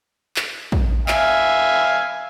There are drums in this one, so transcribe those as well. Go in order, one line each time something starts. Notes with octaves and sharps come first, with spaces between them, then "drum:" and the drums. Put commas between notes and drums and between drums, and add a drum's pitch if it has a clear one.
drum: clap
drum: kick
E5 F5 G#5, drum: clap